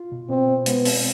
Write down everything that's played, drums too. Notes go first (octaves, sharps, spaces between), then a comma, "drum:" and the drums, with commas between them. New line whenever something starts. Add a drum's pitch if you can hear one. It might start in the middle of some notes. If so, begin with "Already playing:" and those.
Already playing: F4
B2
B2 C4
B2
G#3 B3, drum: hi-hat
C4, drum: open hi-hat